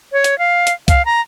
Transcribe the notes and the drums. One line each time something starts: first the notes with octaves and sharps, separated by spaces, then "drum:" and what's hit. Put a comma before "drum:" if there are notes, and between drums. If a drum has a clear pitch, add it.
C#5
drum: hi-hat
F5
drum: hi-hat
F5, drum: kick C2, hi-hat
A#5